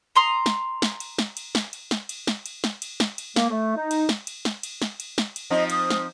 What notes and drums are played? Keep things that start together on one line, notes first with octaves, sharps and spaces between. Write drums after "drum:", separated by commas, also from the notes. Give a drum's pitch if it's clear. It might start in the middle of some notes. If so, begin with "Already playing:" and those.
A#5 C6 D#6
drum: snare
drum: snare
drum: cymbal
drum: snare
drum: cymbal
drum: snare
drum: cymbal
drum: snare
drum: cymbal
drum: snare
drum: cymbal
drum: snare
drum: cymbal
drum: snare
drum: cymbal
A#3, drum: snare
A3
D#4
drum: cymbal
drum: snare
drum: cymbal
drum: snare
drum: cymbal
drum: snare
drum: cymbal
drum: snare
drum: cymbal
F3 C4 D#4 D#5
D#6, drum: cymbal
drum: snare